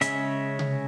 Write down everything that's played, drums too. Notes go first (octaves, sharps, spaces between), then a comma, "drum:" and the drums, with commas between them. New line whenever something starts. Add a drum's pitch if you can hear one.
C#3 G#3 C#4 E5, drum: hi-hat
drum: tom C3